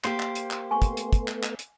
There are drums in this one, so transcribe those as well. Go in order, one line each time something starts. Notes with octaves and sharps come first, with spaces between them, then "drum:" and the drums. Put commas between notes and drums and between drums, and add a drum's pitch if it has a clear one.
A#3 G4 C5, drum: clap
drum: clap
drum: hi-hat
drum: clap
A3 B3 G#5 C#6
drum: kick, hi-hat
drum: hi-hat
drum: kick, hi-hat
drum: clap
drum: clap
drum: hi-hat